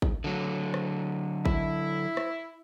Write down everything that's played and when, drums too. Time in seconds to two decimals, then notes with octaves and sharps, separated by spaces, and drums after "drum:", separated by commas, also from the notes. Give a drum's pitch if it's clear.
0.02 drum: kick A1
0.24 D3 F#3
0.74 drum: rim click
1.46 E4, drum: kick A1
2.17 drum: rim click